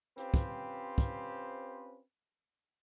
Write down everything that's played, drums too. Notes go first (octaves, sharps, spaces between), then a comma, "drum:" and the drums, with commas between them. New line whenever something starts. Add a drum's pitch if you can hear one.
C4 C#4 F4 G4 B4 C5, drum: hi-hat
drum: kick
drum: kick